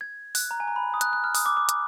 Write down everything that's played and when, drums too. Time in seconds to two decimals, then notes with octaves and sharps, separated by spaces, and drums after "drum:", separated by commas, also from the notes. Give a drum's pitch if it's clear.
0.01 G#6
0.35 F#6, drum: open hi-hat
0.51 A#5
0.60 G#5
0.68 A#5
0.76 B5
0.94 D#6
1.01 F#6, drum: hi-hat
1.13 F#6
1.24 F6
1.35 D#6, drum: open hi-hat
1.46 D6
1.57 D6
1.69 drum: hi-hat